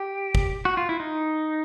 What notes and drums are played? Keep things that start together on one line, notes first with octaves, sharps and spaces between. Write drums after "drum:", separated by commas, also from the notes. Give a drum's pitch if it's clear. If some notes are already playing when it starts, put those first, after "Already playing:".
Already playing: G4
drum: kick G1
F#4
F4
E4
D#4